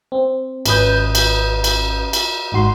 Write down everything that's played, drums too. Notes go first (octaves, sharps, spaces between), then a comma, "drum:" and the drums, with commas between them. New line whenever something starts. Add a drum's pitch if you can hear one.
C4
G#1 C#4 B4 D#6 G6, drum: cymbal
drum: cymbal
drum: cymbal
drum: cymbal
G#1 G#2 F#4 C6